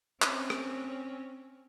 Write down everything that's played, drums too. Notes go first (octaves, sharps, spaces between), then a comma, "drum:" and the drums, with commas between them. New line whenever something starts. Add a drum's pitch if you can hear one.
C4 C#4, drum: clap
drum: rim click